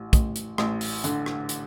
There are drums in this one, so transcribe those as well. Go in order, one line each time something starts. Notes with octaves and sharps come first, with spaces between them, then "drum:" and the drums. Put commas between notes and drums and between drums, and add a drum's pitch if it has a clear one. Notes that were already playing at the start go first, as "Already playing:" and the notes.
Already playing: A1
A1, drum: kick, hi-hat
drum: hi-hat
A1, drum: rim click
drum: open hi-hat
D3, drum: hi-hat
drum: rim click
drum: hi-hat